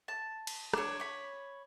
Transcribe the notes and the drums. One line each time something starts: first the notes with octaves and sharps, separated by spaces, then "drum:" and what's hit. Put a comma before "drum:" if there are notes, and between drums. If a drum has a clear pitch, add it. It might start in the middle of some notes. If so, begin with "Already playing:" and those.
A5
drum: cymbal
D4 C#5, drum: rim click
C#5 B5